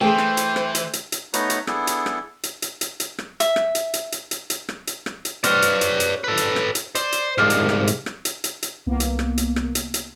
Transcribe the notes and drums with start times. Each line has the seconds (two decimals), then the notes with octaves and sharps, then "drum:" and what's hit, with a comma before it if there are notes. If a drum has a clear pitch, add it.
0.01 E3 A3 G#4 C5 G5
0.18 drum: rim click
0.37 drum: hi-hat
0.56 drum: rim click
0.75 drum: hi-hat
0.93 drum: hi-hat
1.12 drum: hi-hat
1.34 A3 B3 D#4 B4 C#5 A#5, drum: hi-hat
1.50 drum: hi-hat
1.67 B3 D4 E4 G#4 A4, drum: rim click
1.87 drum: hi-hat
2.06 drum: rim click
2.43 drum: hi-hat
2.62 drum: hi-hat
2.81 drum: hi-hat
3.00 drum: hi-hat
3.18 drum: rim click
3.40 E5, drum: hi-hat
3.56 drum: rim click
3.75 drum: hi-hat
3.94 drum: hi-hat
4.12 drum: hi-hat
4.31 drum: hi-hat
4.50 drum: hi-hat
4.69 drum: rim click
4.87 drum: hi-hat
5.06 drum: rim click
5.25 drum: hi-hat
5.44 C#4 F#4 B4 C5 D5, drum: hi-hat
5.62 drum: hi-hat
5.81 drum: hi-hat
6.00 drum: hi-hat
6.24 A4 B4
6.37 drum: hi-hat
6.56 drum: rim click
6.75 drum: hi-hat
6.95 C5 D5, drum: hi-hat
7.12 drum: hi-hat
7.38 C2 G#2 F4 C5 D5
7.50 drum: hi-hat
7.69 drum: rim click
7.87 drum: hi-hat
8.06 drum: rim click
8.25 drum: hi-hat
8.44 drum: hi-hat
8.62 drum: hi-hat
8.86 C2 A#3 B3
9.00 drum: hi-hat
9.19 drum: rim click
9.38 drum: hi-hat
9.56 drum: rim click
9.75 drum: hi-hat
9.94 drum: hi-hat